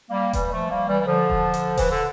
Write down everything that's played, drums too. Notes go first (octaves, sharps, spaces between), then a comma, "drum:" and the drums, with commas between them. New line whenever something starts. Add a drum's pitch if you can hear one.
G3 A#3
E3 G3, drum: kick D#1, hi-hat
F3 A3
G3 A#3
E3 G3
G3
D3 F3
drum: kick D#1
drum: hi-hat
E3, drum: kick D#1, open hi-hat
D3